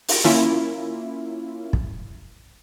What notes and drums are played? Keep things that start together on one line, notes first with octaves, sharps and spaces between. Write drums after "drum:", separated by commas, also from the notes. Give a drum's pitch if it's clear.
drum: open hi-hat
A#3 C#4 E4 F4, drum: snare
drum: kick